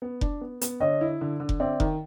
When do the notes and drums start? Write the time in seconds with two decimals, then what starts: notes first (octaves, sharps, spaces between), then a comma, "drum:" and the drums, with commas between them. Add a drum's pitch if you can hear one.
0.02 B3
0.21 D4, drum: kick F1
0.41 B3
0.61 B3, drum: hi-hat
0.80 D3 C#5 D#5
1.01 E4
1.21 D3
1.40 D3
1.49 drum: kick F1
1.60 C4 D5 E5
1.80 D#3, drum: kick F1